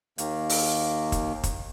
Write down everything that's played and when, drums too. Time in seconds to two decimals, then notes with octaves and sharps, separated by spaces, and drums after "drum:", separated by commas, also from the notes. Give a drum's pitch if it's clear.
0.18 D#2 D#3 A#3, drum: hi-hat
0.49 drum: open hi-hat
1.12 drum: kick, hi-hat
1.43 drum: kick, hi-hat